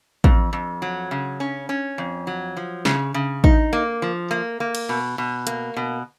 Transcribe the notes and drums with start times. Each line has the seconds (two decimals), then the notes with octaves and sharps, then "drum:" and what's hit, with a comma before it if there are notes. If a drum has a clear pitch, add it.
0.24 F2, drum: kick A1
0.53 F2
0.82 F#3
1.11 C#3
1.40 C#4
1.69 C#4
1.98 F2
2.27 F#3
2.57 F3
2.85 C#3, drum: snare
3.14 C#3
3.44 D#4, drum: kick A1
3.73 A#3
4.02 F3
4.31 A#3
4.60 A#3
4.75 drum: cymbal
4.89 B2
5.18 B2
5.47 A#3, drum: hi-hat
5.77 B2